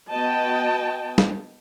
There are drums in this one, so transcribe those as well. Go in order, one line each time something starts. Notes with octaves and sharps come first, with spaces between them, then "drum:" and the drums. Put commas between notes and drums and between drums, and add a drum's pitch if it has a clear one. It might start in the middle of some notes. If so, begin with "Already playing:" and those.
B3 F#4 D#5 G5 A5
drum: snare